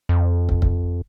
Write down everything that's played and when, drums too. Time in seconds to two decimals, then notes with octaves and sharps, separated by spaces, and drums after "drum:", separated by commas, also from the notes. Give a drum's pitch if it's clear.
0.09 F2
0.49 drum: kick
0.62 drum: kick